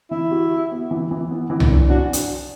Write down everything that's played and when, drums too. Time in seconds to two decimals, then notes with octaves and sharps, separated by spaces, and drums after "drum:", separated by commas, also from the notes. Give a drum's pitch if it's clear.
0.11 E3 E4
0.31 F#4
0.51 F#4
0.71 B3
0.91 E3
1.11 E3
1.31 B3
1.50 E3
1.60 drum: tom C2
1.70 D4
1.90 D4 F#4
2.13 drum: hi-hat